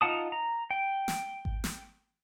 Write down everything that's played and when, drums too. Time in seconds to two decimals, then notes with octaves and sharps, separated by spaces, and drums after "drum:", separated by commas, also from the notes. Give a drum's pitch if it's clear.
0.01 D#4 F4 F#5 A5 D#6
0.32 A#5
0.71 G5
1.08 drum: snare
1.45 drum: kick G#1
1.64 drum: snare